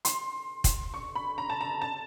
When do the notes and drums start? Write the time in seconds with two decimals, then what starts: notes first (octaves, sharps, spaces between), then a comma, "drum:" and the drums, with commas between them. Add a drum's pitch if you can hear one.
0.05 C6, drum: hi-hat
0.64 drum: kick, hi-hat
0.94 C#6
1.15 B5
1.38 A#5
1.50 A5
1.61 A#5
1.82 A5